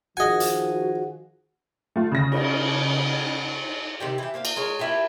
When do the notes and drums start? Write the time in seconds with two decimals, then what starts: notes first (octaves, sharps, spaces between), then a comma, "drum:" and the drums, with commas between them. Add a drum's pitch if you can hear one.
0.17 D#3 F3 F#4 G#4 D#5 F#5 G#5
0.40 drum: hi-hat
1.96 A3 F4
2.11 C#3 A#6
2.32 drum: cymbal
4.00 C3 D#3 G4
4.18 E3 G4
4.34 A#3 C4 E5 F5
4.45 drum: cymbal
4.56 G#3 A#4 C#5
4.79 A#3 E4 F4 G4